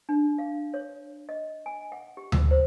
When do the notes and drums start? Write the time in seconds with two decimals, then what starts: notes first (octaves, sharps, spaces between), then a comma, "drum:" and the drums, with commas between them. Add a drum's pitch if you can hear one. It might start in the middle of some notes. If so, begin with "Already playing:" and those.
0.09 D4
0.38 F5
0.74 C#5
1.29 D#5
1.66 G#5
1.92 F#5
2.17 G4
2.32 E6, drum: tom D2
2.51 C5